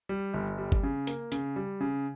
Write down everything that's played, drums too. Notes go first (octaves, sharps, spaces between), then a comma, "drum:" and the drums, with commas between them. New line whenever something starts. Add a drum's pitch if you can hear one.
G3
G1
G3
drum: kick G1
C#3
A#3, drum: hi-hat
C#3, drum: hi-hat
G3
C#3